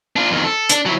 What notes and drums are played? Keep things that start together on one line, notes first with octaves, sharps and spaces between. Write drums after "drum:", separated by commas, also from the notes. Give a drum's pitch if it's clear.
D4 F4
F2 D#3
A4
D4, drum: hi-hat
F#3 E4